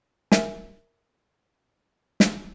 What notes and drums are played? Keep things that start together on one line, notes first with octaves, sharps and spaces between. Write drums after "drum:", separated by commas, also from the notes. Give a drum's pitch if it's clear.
A#4 E5 G#5, drum: snare
drum: snare